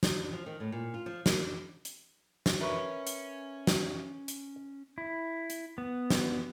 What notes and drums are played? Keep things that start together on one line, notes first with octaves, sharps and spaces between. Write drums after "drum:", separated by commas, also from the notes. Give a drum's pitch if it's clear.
drum: snare
F3
D#3
A2
A#2
F4
F3
A#3, drum: snare
drum: hi-hat
drum: snare
C#4 A#4 B4 C#5 E5 C#6
drum: hi-hat
drum: snare
drum: hi-hat
E4
drum: hi-hat
B3
drum: snare